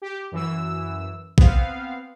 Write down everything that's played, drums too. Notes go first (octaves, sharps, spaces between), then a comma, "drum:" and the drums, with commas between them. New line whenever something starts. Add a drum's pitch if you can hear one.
G4
F#2 E3 E6
B3 C4 F5, drum: kick A#1